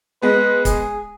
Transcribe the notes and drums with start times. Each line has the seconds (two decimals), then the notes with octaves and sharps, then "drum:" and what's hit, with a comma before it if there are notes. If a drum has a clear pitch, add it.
0.22 G#3 B3 B4
0.65 G#4, drum: kick, hi-hat